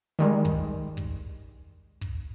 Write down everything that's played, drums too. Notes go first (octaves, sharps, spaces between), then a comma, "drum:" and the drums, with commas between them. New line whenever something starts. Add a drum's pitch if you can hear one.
D#3 G3 G#3
drum: kick
drum: kick
drum: kick